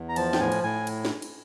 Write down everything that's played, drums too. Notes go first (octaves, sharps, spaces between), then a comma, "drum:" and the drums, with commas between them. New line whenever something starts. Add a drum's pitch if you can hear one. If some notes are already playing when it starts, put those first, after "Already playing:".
Already playing: E2
A#5
F3 A5, drum: cymbal
G5, drum: snare
A2 G#5
drum: cymbal
A2 G#5
drum: cymbal
drum: snare
drum: cymbal